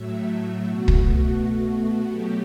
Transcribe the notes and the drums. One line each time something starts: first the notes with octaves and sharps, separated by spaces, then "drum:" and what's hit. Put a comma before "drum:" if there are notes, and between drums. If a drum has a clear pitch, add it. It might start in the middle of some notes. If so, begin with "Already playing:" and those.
Already playing: A2 F#3 A3 E5
B2 A3 F#4
drum: kick
B2 A3
B2 F#3 A3 G4